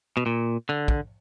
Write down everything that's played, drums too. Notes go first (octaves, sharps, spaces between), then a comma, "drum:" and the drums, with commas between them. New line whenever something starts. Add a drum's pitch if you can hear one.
B2
A#2
D3
drum: kick